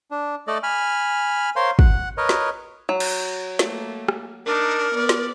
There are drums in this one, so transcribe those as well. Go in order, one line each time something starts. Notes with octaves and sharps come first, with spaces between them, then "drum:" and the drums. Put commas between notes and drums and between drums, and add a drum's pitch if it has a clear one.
D4
A3 A4 D5 D#5
G#5 B5 F6
A#4 C5 C#5 F5 C6
F#5, drum: kick
A#4 B4 C#5 D#5
drum: snare
F#3
drum: cymbal
A3 A#3, drum: snare
drum: rim click
D4 D#4 A#4
B3 D5
drum: snare